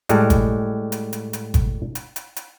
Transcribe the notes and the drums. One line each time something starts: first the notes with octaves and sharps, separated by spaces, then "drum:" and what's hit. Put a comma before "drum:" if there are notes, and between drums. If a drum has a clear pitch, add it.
A2 G3 G#3, drum: hi-hat
drum: kick G1, hi-hat
drum: hi-hat
drum: hi-hat
drum: hi-hat
drum: kick G1, hi-hat
drum: hi-hat
drum: hi-hat
drum: hi-hat